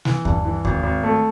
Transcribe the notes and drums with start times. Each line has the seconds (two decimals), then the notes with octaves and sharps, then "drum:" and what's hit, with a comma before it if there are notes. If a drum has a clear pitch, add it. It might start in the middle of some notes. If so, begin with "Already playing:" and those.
0.05 E3, drum: snare
0.25 G2, drum: kick D#2
0.45 E3
0.65 G#1, drum: kick D#2
0.83 G#1
1.03 A3